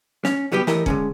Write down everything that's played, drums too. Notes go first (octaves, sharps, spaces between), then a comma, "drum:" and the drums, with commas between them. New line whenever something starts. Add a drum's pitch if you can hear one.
C#4, drum: snare
G2 F#3 G3 B3 G4
A2 E3 A3 G4 A#4 D#5, drum: snare
D3 G#3 C#4, drum: kick